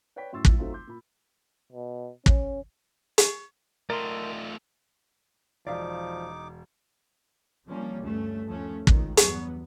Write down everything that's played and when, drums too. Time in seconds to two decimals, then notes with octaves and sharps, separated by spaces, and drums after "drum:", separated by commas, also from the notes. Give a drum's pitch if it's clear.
0.16 B4 C#5 D5 G5 B6
0.33 F#2 A2 C6 C#6 E6 A6
0.45 F2 A2, drum: kick
0.58 F#3 A3 C4 D#4 F4
0.72 C6 D6 G6
0.87 A#2 B5
1.73 B2
2.26 C#4, drum: kick
3.18 drum: hi-hat
3.90 A3 F4 A#4 D5 D#5 C6
5.67 E1 F3 D#4 D5 F5 D6
7.66 C3 F3 G3 A#3 C#4
8.03 D2 G2 A3 C#4
8.47 D#2 F3 A3 C#4
8.87 C#2 D#3, drum: kick
9.17 E2 G2 F#3 B3, drum: hi-hat